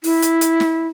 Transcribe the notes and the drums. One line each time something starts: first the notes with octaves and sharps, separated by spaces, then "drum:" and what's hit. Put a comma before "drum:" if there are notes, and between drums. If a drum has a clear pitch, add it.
E4, drum: open hi-hat
drum: hi-hat
drum: hi-hat
drum: snare